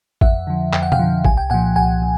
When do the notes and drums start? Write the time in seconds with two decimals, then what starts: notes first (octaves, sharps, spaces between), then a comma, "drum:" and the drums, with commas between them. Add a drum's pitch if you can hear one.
0.21 F2 E5 F#5, drum: kick G#1
0.47 D3 F3
0.73 F2 G5, drum: clap
0.82 F#5
0.92 F5 G5, drum: tom B2
0.99 D3 F3
1.25 C2 G#5, drum: kick G#1
1.37 G5
1.50 A#2 F3 F#5 G#5
1.76 C2 F#5 G#5
2.02 A#2